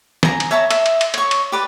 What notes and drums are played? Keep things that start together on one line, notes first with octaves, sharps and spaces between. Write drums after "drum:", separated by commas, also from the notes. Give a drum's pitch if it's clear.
G#5 A#5, drum: snare
drum: cymbal
C#5 E5 A5 A#5
E5, drum: cymbal
drum: cymbal
drum: cymbal
C#5 C#6, drum: cymbal
drum: cymbal
G4 B4 D5